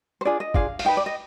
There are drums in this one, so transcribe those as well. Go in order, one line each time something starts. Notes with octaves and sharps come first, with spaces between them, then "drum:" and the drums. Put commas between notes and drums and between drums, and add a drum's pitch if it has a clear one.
C5
D4 F4 G#4 D5
D#5
D4 F4 G#4 F5, drum: kick
F5, drum: open hi-hat
D#4 B4 G5
D5
D#5